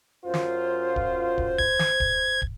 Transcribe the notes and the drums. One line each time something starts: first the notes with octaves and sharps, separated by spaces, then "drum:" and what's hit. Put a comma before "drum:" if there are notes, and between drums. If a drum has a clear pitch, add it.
F#2 F4 C5
drum: snare
drum: kick
drum: kick
G#6, drum: kick
drum: snare
drum: kick
drum: kick